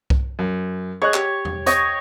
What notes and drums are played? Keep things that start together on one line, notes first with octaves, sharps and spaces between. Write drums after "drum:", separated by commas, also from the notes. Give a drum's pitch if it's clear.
drum: kick C2
F#2
G#4 C#5 D#5 F#6
G4, drum: clap
drum: tom E2
C#5 D#5 G5, drum: hi-hat